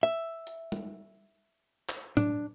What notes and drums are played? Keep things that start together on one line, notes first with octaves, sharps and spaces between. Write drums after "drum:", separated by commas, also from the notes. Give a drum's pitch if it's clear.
E5
drum: hi-hat
drum: tom G3
drum: clap
D4, drum: tom A2